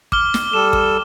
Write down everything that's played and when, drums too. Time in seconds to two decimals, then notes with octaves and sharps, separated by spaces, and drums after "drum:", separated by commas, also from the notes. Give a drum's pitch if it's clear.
0.12 D6 F6 G7, drum: kick
0.34 drum: snare
0.53 G3 A4 E7
0.73 drum: kick